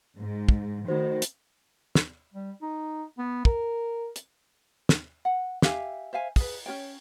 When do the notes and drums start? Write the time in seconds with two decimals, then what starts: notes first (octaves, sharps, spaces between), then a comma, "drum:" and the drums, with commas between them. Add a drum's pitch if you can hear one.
0.17 G#2
0.49 drum: kick
0.88 D#3 A3 F#4 C5
1.22 drum: hi-hat
1.95 drum: snare
2.34 G3
2.62 D#4
3.18 B3
3.45 A#4, drum: kick
4.16 drum: hi-hat
4.89 drum: snare
5.25 F#5
5.62 G4 E5 F5 G#5, drum: snare
6.13 C5 E5 F5 G#5
6.36 G#4 B4, drum: kick, open hi-hat
6.66 C#4 F#4 C#5 G5